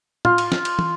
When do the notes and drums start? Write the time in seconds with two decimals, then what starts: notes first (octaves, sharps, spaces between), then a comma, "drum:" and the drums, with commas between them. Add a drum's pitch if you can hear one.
0.25 F4, drum: tom
0.38 drum: cymbal
0.52 drum: snare
0.65 drum: cymbal
0.79 drum: tom